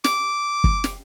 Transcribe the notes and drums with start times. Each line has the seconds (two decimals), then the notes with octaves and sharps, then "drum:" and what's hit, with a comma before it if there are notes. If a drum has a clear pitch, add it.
0.04 D6, drum: snare
0.64 drum: kick
0.84 drum: snare